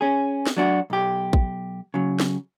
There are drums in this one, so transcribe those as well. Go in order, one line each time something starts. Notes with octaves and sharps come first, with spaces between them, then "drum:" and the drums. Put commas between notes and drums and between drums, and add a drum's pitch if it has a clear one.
C#4 G#4
drum: snare
F#3 D4 F#4
B1 G4
drum: kick
C#3 F#3
drum: snare